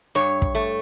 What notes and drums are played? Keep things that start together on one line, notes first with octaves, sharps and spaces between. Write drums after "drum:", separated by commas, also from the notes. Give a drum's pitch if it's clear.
G2 C#5
drum: kick
A3